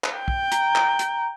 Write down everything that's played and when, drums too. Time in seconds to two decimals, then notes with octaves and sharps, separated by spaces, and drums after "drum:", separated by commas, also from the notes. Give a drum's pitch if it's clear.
0.04 drum: clap
0.16 G5
0.28 drum: kick
0.52 A#5, drum: hi-hat
0.75 drum: clap
0.99 drum: hi-hat